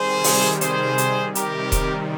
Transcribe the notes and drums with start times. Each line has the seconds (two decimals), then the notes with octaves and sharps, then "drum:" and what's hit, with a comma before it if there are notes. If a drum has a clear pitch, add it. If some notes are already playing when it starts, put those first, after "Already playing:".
Already playing: C3 D#3 G3 G#4 C5
0.24 drum: open hi-hat
0.61 G#4 C5, drum: hi-hat
0.98 drum: hi-hat
1.35 C3 D#3 G3 G4 A#4, drum: hi-hat
1.72 drum: kick D#1, hi-hat